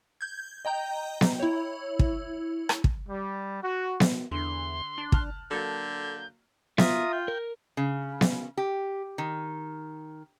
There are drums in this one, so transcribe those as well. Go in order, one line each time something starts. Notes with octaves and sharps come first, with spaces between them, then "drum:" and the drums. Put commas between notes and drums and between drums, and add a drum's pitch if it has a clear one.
G6 G#6
D#5 G5 A#5 G6
drum: snare B3
E4 C#5
drum: kick
drum: rim click
drum: kick
G3
F#4
drum: snare B3
E2 D3 C6
D4
A5 F6 F#6, drum: kick
D3 F#3 A#3 A4 G6
F4 E5 A#5 D#6, drum: snare B3
G5
A#4
C#3
drum: snare B3
G4
D#3